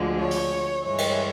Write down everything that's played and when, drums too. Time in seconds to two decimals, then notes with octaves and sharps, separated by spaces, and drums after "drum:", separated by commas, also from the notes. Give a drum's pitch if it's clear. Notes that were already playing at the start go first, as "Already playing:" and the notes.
Already playing: D2 D3 F3 G#3
0.20 C#5
0.31 drum: open hi-hat
0.84 G2 E3 G#3 C#5
0.98 drum: cymbal